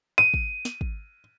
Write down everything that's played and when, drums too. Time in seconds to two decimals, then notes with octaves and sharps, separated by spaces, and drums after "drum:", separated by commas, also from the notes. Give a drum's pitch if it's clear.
0.18 D#7
0.34 drum: kick
0.65 drum: snare
0.81 drum: kick